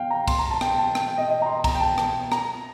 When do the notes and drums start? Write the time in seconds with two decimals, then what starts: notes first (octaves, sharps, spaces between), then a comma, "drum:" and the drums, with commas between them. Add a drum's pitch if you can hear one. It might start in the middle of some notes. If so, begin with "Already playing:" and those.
Already playing: F5 G5
0.10 A#5
0.27 C6, drum: kick, cymbal
0.39 A#5
0.50 A5
0.61 G5, drum: rim click
0.78 A5
0.95 G5, drum: rim click
1.07 G5
1.18 D#5
1.29 D#5
1.42 A#5
1.46 C6
1.64 A#5, drum: kick, cymbal
1.74 G5
1.80 A5
1.98 drum: rim click
2.32 A#5, drum: rim click